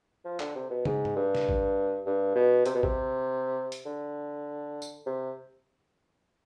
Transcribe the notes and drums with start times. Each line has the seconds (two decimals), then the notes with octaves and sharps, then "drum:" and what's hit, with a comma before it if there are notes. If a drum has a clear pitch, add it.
0.25 F3
0.40 D3, drum: clap
0.56 C3
0.70 B2
0.85 G#2, drum: tom
1.05 drum: tom G#2
1.16 G2
1.35 drum: snare
1.49 drum: kick A1
2.06 G2
2.35 B2
2.66 C3, drum: hi-hat
2.75 B2
2.83 C3, drum: kick A1
3.72 drum: hi-hat
3.85 D3
4.82 drum: tambourine
5.06 C3